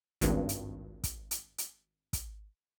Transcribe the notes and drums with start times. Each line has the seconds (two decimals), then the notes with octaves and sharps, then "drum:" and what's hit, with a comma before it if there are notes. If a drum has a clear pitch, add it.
0.21 G#1 C#2 G2, drum: hi-hat
0.49 drum: hi-hat
1.04 drum: kick, hi-hat
1.31 drum: hi-hat
1.58 drum: hi-hat
2.13 drum: kick, hi-hat